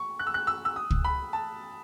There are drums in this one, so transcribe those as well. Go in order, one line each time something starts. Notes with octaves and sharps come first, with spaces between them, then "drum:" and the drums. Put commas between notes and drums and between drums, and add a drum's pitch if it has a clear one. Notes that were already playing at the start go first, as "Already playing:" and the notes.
Already playing: C#6
F#6
E6
F#6
E6
E6
D#6
drum: kick
B5
A5